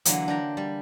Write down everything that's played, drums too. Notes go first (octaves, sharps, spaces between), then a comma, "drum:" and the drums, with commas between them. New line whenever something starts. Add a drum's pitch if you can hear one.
D3 E3 F#3 A#3, drum: hi-hat
D4 G5 A#5
G3